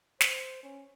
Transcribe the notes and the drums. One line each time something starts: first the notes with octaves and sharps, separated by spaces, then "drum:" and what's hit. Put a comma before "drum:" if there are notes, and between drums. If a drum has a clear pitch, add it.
C5, drum: snare
C#4